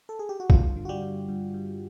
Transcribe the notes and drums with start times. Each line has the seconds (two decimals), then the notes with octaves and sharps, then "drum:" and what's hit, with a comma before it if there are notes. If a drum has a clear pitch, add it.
0.09 A4
0.19 G#4
0.29 G4
0.40 F#4
0.50 G2 F4, drum: kick
0.76 D3
0.85 F#4
0.89 G3 G4
1.02 G2
1.29 G2
1.54 G2